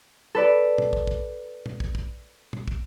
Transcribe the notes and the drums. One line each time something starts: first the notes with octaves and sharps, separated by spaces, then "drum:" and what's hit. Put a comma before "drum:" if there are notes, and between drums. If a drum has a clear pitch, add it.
A4 B4 D5
drum: tom
drum: kick
drum: kick
drum: tom
drum: kick
drum: kick
drum: tom
drum: kick